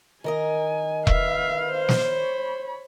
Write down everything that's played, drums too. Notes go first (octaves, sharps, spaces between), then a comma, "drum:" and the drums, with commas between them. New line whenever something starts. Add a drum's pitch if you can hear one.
D#3 A#4 D#5 G#5
B4 E5 F5, drum: kick E1
C5
drum: snare
C#5 B5